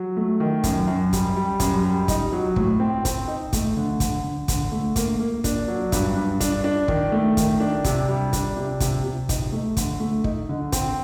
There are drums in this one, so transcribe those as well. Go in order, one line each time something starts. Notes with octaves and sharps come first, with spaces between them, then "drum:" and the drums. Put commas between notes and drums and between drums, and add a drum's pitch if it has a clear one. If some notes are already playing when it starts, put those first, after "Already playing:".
Already playing: F#3
A3
D#3
F#2, drum: kick, hi-hat
F#2
G3, drum: kick, hi-hat
G3
F#2, drum: kick, hi-hat
G3
D#4, drum: kick, hi-hat
F#3
A2, drum: kick
C4
C4, drum: kick, hi-hat
D#4
A3, drum: kick, hi-hat
D3
D3, drum: kick, hi-hat
D3
D3, drum: kick, hi-hat
A3
A#3, drum: kick, hi-hat
A#3
D4, drum: kick, hi-hat
F#3
G2, drum: kick, hi-hat
G2
D4, drum: kick, hi-hat
D4
D#3, drum: kick
A3
D#3, drum: kick, hi-hat
D4
C3, drum: kick, hi-hat
G3
D4, drum: kick, hi-hat
C3
C3, drum: kick, hi-hat
C3
D#4, drum: kick, hi-hat
A3
D3, drum: kick, hi-hat
A3
D#4, drum: kick
D3
C4, drum: kick, hi-hat